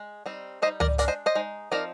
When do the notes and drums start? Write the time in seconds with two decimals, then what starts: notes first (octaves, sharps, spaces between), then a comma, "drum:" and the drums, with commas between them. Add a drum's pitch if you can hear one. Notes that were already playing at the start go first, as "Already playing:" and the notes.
Already playing: G#3
0.26 G3 C4 D#4
0.62 G3 A#3 D#4 C5 D#5
0.80 A#4 D5, drum: tom C#2
0.98 G#3 D4 A#4 D5, drum: hi-hat
1.08 C5 D#5
1.26 C5 D#5
1.35 G#3 D#4
1.71 F3 C4 D#4 A#4 D5